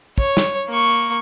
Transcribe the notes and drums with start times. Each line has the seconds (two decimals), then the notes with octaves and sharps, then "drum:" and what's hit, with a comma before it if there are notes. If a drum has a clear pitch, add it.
0.18 C#5, drum: kick
0.37 drum: snare
0.68 A#3 C#6